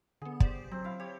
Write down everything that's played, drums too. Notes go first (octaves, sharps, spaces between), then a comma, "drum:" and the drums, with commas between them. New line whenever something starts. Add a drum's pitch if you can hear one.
D3 B3 G#4
G4 C5 D5, drum: kick
F#3 C4
E4 F5
G4 C#5